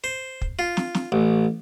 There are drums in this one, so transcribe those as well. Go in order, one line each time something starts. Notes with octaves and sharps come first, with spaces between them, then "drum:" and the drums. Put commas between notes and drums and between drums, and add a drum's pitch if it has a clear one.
C5
drum: kick
F4
drum: snare
drum: snare
A1